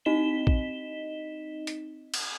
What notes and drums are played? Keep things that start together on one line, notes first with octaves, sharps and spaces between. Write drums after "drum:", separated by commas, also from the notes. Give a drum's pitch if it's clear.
C4 D#4 D#5 B6 E7 G7
drum: kick
drum: hi-hat
drum: cymbal